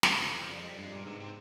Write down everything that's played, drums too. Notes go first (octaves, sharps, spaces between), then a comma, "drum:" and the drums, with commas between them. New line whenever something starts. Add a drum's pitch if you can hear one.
drum: snare
F2 C#3
E3
F3
F2 G3
G#3
G3
G2 G#3
A#2
G#2 C3
C3